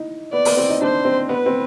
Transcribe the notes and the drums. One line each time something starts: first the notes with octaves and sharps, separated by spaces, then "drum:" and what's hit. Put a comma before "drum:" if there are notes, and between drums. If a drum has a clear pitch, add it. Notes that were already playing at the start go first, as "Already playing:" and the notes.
Already playing: D#4 E4
B3 D5
B3, drum: open hi-hat
C4
D#4
D4 C5
C4
B3 B4
C4